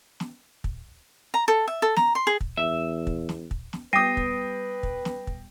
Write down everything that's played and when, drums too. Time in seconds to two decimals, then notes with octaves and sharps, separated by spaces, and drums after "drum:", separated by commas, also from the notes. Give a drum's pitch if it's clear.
0.20 drum: snare
0.64 drum: kick
1.34 A#5
1.48 A4
1.68 E5
1.82 A4
1.96 A#5, drum: snare
2.15 C6
2.27 G#4
2.41 drum: kick
2.57 E2 E5
3.07 drum: kick
3.29 drum: snare
3.51 drum: kick
3.73 drum: snare
3.93 G3 B3 B4 G5 D#6 A#6 C7 D#7
4.17 drum: kick
4.83 drum: kick
5.05 drum: snare
5.27 drum: kick